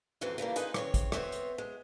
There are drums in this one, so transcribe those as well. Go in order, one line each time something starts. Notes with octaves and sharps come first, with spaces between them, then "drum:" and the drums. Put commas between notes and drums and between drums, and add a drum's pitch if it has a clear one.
F2 G#2 E3 F#3 C4
E3 F3 G3 A#3
D#4 G#4 B4 C5, drum: hi-hat
C#3 C4 C#5, drum: rim click
drum: kick, hi-hat
B3 C4 C5 C#5 E5, drum: rim click
drum: hi-hat
G#3